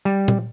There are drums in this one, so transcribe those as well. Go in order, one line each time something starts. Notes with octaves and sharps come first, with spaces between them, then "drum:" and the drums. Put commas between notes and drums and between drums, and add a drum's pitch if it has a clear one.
G3
drum: tom